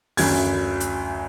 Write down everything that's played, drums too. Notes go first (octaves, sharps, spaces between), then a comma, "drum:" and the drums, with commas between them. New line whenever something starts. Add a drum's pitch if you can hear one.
F#1 D2 G#6, drum: open hi-hat
drum: hi-hat